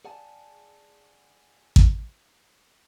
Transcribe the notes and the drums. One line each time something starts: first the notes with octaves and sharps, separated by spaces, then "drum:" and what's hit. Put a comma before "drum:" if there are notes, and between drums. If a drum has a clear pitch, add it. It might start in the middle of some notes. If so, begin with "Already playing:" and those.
G#4 D5 F#5 G#5 A5
drum: kick A1